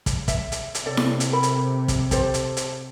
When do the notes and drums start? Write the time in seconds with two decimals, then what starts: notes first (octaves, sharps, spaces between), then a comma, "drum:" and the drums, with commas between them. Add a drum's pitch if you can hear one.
0.06 drum: kick, hi-hat
0.28 E5, drum: kick, hi-hat
0.52 drum: hi-hat
0.75 drum: hi-hat
0.86 C3 A4 C#5 D5
0.97 drum: snare E4
1.20 drum: hi-hat
1.33 A4 A#4 B5
1.43 drum: hi-hat
1.88 drum: kick, hi-hat
2.11 G4 A4 C5, drum: kick, hi-hat
2.34 drum: hi-hat
2.57 drum: hi-hat